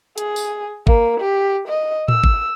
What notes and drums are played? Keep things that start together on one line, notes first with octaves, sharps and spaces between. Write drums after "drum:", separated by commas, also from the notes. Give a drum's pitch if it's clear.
G#4, drum: hi-hat
drum: tambourine
A#3, drum: kick
G4
D#5
E6, drum: tom A2
drum: kick